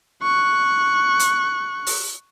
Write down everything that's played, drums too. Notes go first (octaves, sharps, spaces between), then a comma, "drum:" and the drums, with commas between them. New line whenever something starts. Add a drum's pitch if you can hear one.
C#6 F#6
drum: hi-hat
drum: open hi-hat